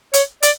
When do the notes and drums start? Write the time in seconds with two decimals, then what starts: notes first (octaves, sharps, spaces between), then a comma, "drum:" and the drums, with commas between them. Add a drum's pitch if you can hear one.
0.13 C#5, drum: hi-hat
0.43 D5, drum: hi-hat